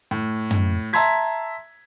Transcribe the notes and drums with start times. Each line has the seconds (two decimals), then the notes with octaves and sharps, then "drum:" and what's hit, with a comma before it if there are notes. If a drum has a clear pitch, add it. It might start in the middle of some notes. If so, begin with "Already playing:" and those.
0.11 A2
0.51 drum: tom
0.93 E5 A5 A#5 C6 G#6 B6